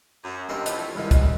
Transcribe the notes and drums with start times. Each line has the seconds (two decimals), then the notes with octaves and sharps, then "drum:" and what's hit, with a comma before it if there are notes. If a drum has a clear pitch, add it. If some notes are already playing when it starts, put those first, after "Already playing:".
0.24 F#2
0.49 G2 A#3 C4 D#4
0.66 F3 A3 E4, drum: hi-hat
0.95 C2 F#2 D#3 E3
1.11 drum: kick, hi-hat